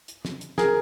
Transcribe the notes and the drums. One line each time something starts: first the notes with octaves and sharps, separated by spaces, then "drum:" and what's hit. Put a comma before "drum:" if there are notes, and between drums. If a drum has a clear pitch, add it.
drum: hi-hat
drum: snare
drum: hi-hat
G#4 A#4, drum: snare